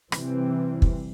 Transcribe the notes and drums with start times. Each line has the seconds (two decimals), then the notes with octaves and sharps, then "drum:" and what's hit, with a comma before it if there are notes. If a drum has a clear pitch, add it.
0.12 C3 E3 G3 C4, drum: rim click
0.82 drum: kick